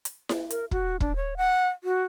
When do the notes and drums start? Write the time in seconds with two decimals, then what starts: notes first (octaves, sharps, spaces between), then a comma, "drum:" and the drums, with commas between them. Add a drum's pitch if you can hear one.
0.05 drum: hi-hat
0.29 drum: snare E4
0.50 A#4, drum: hi-hat
0.71 F#4, drum: kick
1.00 D4, drum: kick
1.16 C#5
1.37 F#5
1.84 F#4